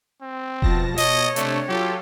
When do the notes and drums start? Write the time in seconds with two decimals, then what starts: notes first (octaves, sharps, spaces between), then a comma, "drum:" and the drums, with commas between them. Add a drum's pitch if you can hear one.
0.22 C4
0.62 B2 F3 A5 A#6, drum: kick E1
0.98 C#5 D#5, drum: open hi-hat
1.36 C3 A3 D4, drum: hi-hat
1.69 F#3 F4 G4 A4